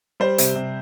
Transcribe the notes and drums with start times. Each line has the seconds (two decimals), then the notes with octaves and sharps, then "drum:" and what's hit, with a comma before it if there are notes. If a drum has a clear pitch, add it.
0.20 G3 C5
0.38 C3, drum: hi-hat
0.55 C3